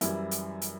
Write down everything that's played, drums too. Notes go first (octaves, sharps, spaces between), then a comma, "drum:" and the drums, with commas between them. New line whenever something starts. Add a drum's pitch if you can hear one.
F#2 E3 G3 E4, drum: hi-hat
drum: hi-hat
drum: hi-hat